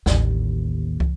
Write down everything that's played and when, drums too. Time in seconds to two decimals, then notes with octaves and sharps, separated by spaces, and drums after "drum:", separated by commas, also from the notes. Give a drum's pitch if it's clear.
0.06 A1 D#2, drum: snare
1.00 drum: kick